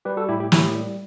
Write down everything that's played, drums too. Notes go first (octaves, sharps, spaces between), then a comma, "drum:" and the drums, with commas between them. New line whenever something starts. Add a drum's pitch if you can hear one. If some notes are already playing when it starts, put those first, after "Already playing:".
G3 G4 B4
F#4 A4
A2 E4 G4
E4 G4
A2 E4 G4, drum: snare
G3